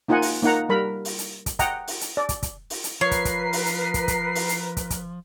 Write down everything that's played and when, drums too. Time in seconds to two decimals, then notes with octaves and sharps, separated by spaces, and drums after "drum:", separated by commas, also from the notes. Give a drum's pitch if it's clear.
0.08 A#3 D#4 F4 D#5 F#5 G#5
0.22 drum: open hi-hat
0.43 A#3 D#4 F#5 A#5
0.69 G3 A#4 B5
1.05 drum: open hi-hat
1.19 drum: hi-hat
1.46 drum: kick, hi-hat
1.59 D#5 F#5 G5 A#5, drum: kick, hi-hat
1.87 drum: open hi-hat
2.01 drum: hi-hat
2.17 D5
2.29 drum: kick, hi-hat
2.43 drum: kick, hi-hat
2.70 drum: open hi-hat
2.84 drum: hi-hat
3.01 F3 A#4 B4 C#5 C7
3.11 drum: kick, hi-hat
3.25 drum: kick, hi-hat
3.53 drum: open hi-hat
3.66 drum: hi-hat
3.94 drum: kick, hi-hat
4.08 drum: kick, hi-hat
4.35 drum: open hi-hat
4.49 drum: hi-hat
4.77 drum: kick, hi-hat
4.90 drum: kick, hi-hat